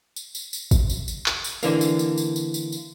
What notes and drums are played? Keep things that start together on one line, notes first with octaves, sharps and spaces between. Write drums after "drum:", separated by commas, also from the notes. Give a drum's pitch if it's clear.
drum: tambourine
drum: tambourine
drum: tambourine
drum: kick, tambourine
drum: tambourine
drum: tambourine
drum: clap
drum: tambourine
D3 E3 A#3, drum: tambourine
drum: tambourine
drum: tambourine
drum: tambourine
drum: tambourine
drum: tambourine
drum: tambourine